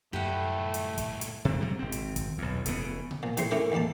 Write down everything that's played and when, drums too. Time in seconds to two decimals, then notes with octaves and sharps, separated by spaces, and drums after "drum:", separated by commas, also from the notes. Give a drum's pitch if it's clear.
0.13 C2 F#2 A2 A3 G4 B4 F#5
0.74 drum: hi-hat
0.98 drum: kick, hi-hat
1.21 drum: hi-hat
1.45 C3 C4
1.61 C3 F#3 G3
1.79 G#1 C4
1.92 drum: hi-hat
2.16 drum: kick, hi-hat
2.38 B1 E2
2.66 F1 C#3 B3, drum: hi-hat
3.11 drum: tom B2
3.23 A#2 F3
3.37 A2 G3 C4 G#4 C6, drum: hi-hat
3.51 A3 C#4 D4 E4 G4 A#4
3.72 A1 D#2 G3 A#3 A5